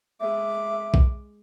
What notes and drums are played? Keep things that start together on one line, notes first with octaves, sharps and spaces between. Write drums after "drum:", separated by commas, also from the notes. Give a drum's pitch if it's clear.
G#3 E5 D6
drum: kick B1